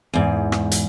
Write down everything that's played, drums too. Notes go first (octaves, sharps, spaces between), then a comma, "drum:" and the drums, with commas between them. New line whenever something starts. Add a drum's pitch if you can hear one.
E2 G#2
drum: rim click
drum: hi-hat